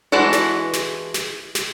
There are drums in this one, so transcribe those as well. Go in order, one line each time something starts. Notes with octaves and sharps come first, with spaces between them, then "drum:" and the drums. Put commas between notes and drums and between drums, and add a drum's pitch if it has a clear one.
E3 G#3 D4 F#4 A4
drum: snare
drum: snare
drum: snare
drum: snare